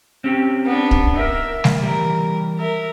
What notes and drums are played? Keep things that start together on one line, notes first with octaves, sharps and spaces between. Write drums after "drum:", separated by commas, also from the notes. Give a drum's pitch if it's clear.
C4 C#4 G4
B3 D4
drum: kick
D#4 A#4 E5
drum: snare G3
E3 G3 A#4
A#4 E5